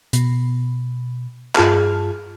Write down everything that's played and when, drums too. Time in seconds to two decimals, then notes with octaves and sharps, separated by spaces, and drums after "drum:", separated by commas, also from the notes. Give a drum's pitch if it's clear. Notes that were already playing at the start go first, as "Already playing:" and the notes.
0.13 B2, drum: hi-hat
1.55 G2 F4 G#4 A5 F6, drum: clap